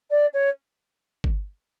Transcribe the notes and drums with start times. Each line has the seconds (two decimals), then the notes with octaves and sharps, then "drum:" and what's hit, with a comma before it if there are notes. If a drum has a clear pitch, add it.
0.10 D5
0.33 C#5
1.24 drum: kick G1